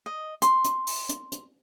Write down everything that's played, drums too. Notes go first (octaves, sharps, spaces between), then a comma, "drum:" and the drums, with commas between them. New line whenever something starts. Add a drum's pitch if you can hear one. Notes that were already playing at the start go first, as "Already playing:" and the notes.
D#5
C6, drum: hi-hat
drum: hi-hat
drum: open hi-hat
drum: hi-hat
drum: hi-hat